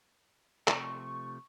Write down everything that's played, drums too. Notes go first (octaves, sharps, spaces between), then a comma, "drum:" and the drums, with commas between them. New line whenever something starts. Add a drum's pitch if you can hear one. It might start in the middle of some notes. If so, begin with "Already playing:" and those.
C3 F3 A3 C#6, drum: clap